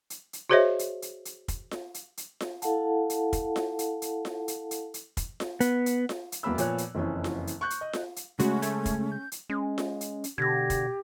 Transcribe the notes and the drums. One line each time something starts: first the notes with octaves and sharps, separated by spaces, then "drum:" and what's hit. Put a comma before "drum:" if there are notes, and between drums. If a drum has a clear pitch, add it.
drum: hi-hat
drum: hi-hat
F#4 G#4 C5 C#5 D#5 E5
drum: hi-hat
drum: hi-hat
drum: hi-hat
drum: kick, hi-hat
drum: snare F4
drum: hi-hat
drum: hi-hat
drum: snare F4
E4 A4 F5 F#5 A5, drum: hi-hat
drum: hi-hat
drum: kick, hi-hat
drum: snare F4
drum: hi-hat
drum: hi-hat
drum: snare F4
drum: hi-hat
drum: hi-hat
drum: hi-hat
drum: kick, hi-hat
drum: snare F4
B3, drum: hi-hat
drum: hi-hat
drum: snare F4
drum: hi-hat
E1 F#2 A#3 B3 B5 E6
A#2 F3 B3 C#5 F#6, drum: hi-hat
drum: hi-hat
F#1 F2 E3 C#4
drum: snare F4
drum: hi-hat
C#6 F#6 G6
drum: hi-hat
D#5
drum: snare F4
drum: hi-hat
C#3 G#3 A3 C#4 F#4, drum: hi-hat
A3 G#6, drum: hi-hat
drum: kick, hi-hat
G6
drum: hi-hat
G#3 C#4
drum: snare F4
drum: hi-hat
drum: hi-hat
B2 D3 G4 G#6 A#6
drum: kick, hi-hat